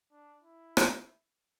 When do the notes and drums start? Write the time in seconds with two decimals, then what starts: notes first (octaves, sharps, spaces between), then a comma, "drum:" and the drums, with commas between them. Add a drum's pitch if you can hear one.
0.12 D4
0.43 E4
0.77 drum: rim click